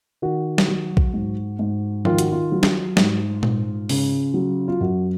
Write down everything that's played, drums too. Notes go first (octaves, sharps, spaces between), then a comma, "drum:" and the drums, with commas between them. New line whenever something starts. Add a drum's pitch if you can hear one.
D#3 F#4
drum: snare
F#3
drum: kick A#1
G#2
G#2
D#3 F4, drum: tom F3
F#4, drum: hi-hat
F4
F#3
drum: snare
G#2, drum: snare
G#2, drum: tom A#2
C#3, drum: open hi-hat
F#3
F4
F#2 F#4